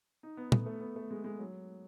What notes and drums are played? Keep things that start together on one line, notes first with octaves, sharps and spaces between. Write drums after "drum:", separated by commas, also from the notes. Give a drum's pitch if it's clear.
D#4
B3
A3, drum: tom
A3
B3
A3
G#3
G#3
F#3